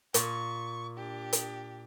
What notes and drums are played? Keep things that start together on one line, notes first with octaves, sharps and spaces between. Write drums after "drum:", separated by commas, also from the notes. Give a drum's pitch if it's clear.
A#2 C#6, drum: hi-hat
D4 G4
drum: hi-hat